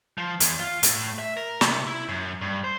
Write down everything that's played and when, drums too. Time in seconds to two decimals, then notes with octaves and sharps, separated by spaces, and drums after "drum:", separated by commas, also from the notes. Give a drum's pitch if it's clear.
0.18 F3
0.40 E2, drum: hi-hat
0.60 F4
0.83 A2, drum: hi-hat
1.19 E5
1.37 A#4
1.61 C3, drum: snare
1.87 E4
2.09 F#2
2.41 G2
2.64 C5